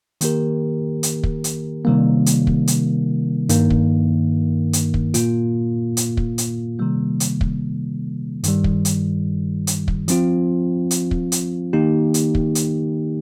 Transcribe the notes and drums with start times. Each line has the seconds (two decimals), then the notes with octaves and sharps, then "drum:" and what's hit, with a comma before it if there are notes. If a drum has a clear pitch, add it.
0.21 D#3 A#3 G4 A#4, drum: hi-hat
1.03 drum: hi-hat
1.23 drum: kick
1.44 drum: hi-hat
1.85 C3 D#3 G3 A#3
2.26 drum: hi-hat
2.47 drum: kick
2.68 drum: hi-hat
3.49 G2 D#3 A#3, drum: hi-hat
3.70 drum: kick
4.73 drum: hi-hat
4.94 drum: kick
5.14 A#2 A#3 F4, drum: hi-hat
5.97 drum: hi-hat
6.17 drum: kick
6.38 drum: hi-hat
6.79 C3 D#3 G3 A#3
7.20 drum: hi-hat
7.41 drum: kick
8.44 G2 D#3 G3, drum: hi-hat
8.64 drum: kick
8.85 drum: hi-hat
9.67 drum: hi-hat
9.88 drum: kick
10.08 F3 C4 F4, drum: hi-hat
10.91 drum: hi-hat
11.11 drum: kick
11.32 drum: hi-hat
11.73 D#3 A#3 D#4 G4
12.14 drum: hi-hat
12.35 drum: kick
12.55 drum: hi-hat